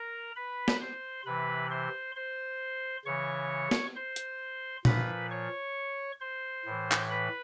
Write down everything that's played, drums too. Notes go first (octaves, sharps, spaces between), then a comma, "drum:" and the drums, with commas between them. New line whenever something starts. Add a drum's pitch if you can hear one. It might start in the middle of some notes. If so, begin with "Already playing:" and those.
Already playing: A#4 A#5
B4 B5
drum: snare
C5 C6
C3 E3 B4 B5
C5 C6
C5 C6
C#3 E3 C#5 C#6
drum: snare
C5 C6
drum: hi-hat
A#2 F3 B4 B5, drum: tom A#2
C#5 C#6
C5 C6
A2 E3
drum: clap
B4 B5